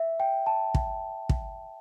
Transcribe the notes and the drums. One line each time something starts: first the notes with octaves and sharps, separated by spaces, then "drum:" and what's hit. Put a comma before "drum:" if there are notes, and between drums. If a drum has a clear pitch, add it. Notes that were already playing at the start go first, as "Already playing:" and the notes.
Already playing: E5
G5
A5
drum: kick
drum: kick